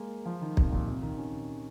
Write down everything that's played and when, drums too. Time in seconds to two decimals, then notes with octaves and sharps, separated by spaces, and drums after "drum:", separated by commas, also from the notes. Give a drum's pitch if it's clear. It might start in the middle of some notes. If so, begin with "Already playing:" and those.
Already playing: G#3 A#3
0.26 F3
0.41 D#3
0.57 C3, drum: kick
0.72 A#2
0.87 C3
1.02 D#3
1.18 C#4